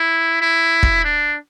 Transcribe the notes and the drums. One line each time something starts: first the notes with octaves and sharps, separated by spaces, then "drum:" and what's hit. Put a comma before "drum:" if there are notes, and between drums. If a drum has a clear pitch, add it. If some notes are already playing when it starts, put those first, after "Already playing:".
Already playing: E4
E4
drum: kick
D4